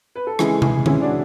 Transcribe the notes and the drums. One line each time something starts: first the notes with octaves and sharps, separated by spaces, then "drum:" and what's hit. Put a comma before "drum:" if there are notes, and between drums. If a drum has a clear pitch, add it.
B4
A4
C#3 E3 G#3 E4 G#4, drum: rim click
E4 G#4, drum: tom C3
C#3 E3 G#3 C#4 E4, drum: tom D3
D4 F#4